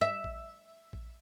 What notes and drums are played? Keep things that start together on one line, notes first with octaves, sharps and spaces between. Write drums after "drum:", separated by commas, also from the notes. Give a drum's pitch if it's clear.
E5
drum: kick A#1
drum: kick A#1